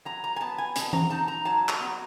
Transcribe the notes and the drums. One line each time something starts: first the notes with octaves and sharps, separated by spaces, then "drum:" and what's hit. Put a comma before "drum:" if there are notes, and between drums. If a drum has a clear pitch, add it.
F#3 A#5
A#5
G#5
B3 A5
G#5
B2 A5, drum: hi-hat
A#5, drum: tom E3
D#4 A5
A#5
F#3 A5
A#5, drum: clap
B3